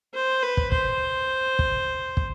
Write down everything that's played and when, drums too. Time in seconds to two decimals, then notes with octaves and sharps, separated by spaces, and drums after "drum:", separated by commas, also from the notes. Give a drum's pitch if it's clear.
0.14 C5
0.42 B4
0.57 drum: kick
0.72 C5, drum: kick
1.59 drum: kick
2.17 drum: kick